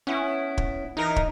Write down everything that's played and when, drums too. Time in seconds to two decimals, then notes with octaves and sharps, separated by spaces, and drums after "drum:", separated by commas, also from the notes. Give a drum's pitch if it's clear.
0.07 B3 C#4 E4
0.58 drum: kick
0.97 E3 D#4 A#4
1.16 drum: kick